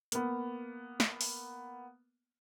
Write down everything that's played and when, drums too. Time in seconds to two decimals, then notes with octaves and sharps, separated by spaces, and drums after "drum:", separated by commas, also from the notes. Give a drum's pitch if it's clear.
0.12 A#3 B3, drum: hi-hat
1.00 drum: snare
1.21 drum: open hi-hat